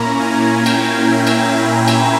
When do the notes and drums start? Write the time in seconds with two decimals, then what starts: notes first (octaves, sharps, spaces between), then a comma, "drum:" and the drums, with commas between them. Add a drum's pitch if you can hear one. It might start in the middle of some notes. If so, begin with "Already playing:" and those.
Already playing: A#2 A#3 C#4 E4 A#5
0.20 G#5
0.66 G5, drum: cymbal
1.12 E5
1.27 drum: cymbal
1.57 B5
1.88 drum: cymbal